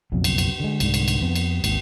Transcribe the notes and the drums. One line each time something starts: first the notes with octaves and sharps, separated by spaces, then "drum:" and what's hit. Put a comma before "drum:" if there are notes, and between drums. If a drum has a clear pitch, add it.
F#1 B1 F2 F#3
drum: cymbal
drum: cymbal
D3 G#3
C2 G#2 D3, drum: cymbal
drum: cymbal
drum: cymbal
F2 B3
drum: cymbal
G#1 D#2, drum: cymbal